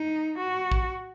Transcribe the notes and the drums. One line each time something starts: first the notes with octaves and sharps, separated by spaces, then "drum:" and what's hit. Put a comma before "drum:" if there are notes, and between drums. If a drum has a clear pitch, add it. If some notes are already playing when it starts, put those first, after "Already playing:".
Already playing: D#4
F#4
drum: kick